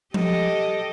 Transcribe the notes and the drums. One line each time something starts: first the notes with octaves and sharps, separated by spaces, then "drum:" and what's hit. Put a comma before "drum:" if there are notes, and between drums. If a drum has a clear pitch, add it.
G4 A4 D#5, drum: tom F3